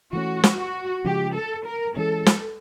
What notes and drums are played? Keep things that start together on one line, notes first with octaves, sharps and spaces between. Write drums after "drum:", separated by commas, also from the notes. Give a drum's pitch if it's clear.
E3 A3 C#4 F#4
drum: snare
F#4
C#3 F3 G#3 G4
A4
A#4
E3 G#3 C#4 A4
drum: snare